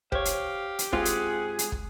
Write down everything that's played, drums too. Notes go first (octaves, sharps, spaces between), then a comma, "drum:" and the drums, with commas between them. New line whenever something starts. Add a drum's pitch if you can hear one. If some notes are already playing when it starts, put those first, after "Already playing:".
G4 C5 C#5 F5, drum: kick
drum: hi-hat
drum: hi-hat
G#2 C4 F4 G#4 F#5, drum: kick
drum: hi-hat
drum: hi-hat
drum: kick